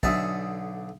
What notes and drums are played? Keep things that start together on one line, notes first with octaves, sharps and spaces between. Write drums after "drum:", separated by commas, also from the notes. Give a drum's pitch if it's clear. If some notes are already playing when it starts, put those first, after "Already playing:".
B1 D3 G#4 E5 A5, drum: kick